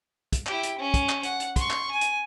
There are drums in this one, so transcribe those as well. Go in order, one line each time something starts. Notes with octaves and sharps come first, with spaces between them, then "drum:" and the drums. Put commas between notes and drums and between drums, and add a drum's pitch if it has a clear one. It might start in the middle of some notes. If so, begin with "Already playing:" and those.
drum: kick, hi-hat
E4 G4, drum: clap
drum: hi-hat
C#4
drum: kick, hi-hat
drum: clap
F#5, drum: hi-hat
drum: hi-hat
C6 C#6, drum: kick, hi-hat
drum: clap
G#5
drum: hi-hat